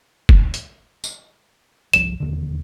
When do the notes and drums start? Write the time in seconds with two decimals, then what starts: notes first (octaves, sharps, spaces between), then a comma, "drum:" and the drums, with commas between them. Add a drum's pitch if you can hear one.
0.29 drum: kick F#1
0.54 drum: hi-hat
1.04 drum: tambourine
1.93 G1 C2 F3 E7
2.20 E1 D#2 D3